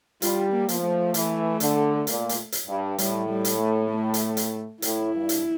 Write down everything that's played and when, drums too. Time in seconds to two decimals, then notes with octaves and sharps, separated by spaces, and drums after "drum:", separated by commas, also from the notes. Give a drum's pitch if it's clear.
0.22 G3 F4, drum: hi-hat
0.52 A#3
0.69 F3, drum: hi-hat
0.83 A3
1.14 E3, drum: hi-hat
1.60 D3, drum: hi-hat
2.07 A#2, drum: hi-hat
2.29 drum: hi-hat
2.52 drum: hi-hat
2.68 G2
2.98 A2 G3, drum: hi-hat
3.29 G3
3.45 drum: hi-hat
3.60 A3
3.90 A3
4.14 drum: hi-hat
4.37 drum: hi-hat
4.82 A2 E4, drum: hi-hat
5.13 G2
5.29 drum: hi-hat